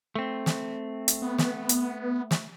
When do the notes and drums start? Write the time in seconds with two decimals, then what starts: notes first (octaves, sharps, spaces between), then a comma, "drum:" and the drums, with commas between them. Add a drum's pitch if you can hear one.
0.15 A3 C4
0.46 drum: snare
1.08 drum: hi-hat
1.22 B3
1.38 drum: snare
1.69 drum: hi-hat
2.31 drum: snare